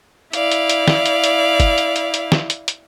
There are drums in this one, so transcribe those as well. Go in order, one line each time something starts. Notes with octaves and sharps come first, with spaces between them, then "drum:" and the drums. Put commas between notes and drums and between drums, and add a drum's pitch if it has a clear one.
E4 D5 F5, drum: hi-hat
drum: hi-hat
drum: hi-hat
drum: snare
drum: hi-hat
drum: hi-hat
drum: kick F#1, hi-hat
drum: hi-hat
drum: hi-hat
drum: hi-hat
drum: snare
drum: hi-hat
drum: hi-hat